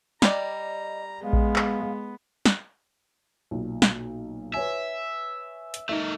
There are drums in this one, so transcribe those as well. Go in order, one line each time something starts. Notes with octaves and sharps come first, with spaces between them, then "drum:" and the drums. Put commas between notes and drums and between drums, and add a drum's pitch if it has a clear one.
G3 D5 D#5 A#5, drum: snare
G#3 B3 F5
drum: kick A#1
drum: clap
drum: snare
B1 A#2
drum: snare
B4 C#5 E5 G#5
drum: hi-hat
A3 D#4 A#4 E5